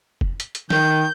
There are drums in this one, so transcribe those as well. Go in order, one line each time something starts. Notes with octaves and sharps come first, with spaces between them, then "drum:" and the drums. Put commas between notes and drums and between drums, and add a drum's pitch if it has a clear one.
drum: kick F1
drum: hi-hat
drum: hi-hat
D#3 G6, drum: snare